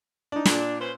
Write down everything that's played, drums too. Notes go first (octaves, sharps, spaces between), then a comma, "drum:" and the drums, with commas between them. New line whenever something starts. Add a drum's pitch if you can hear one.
D4 D#4
A#2 D4, drum: snare
C#4 B4 C5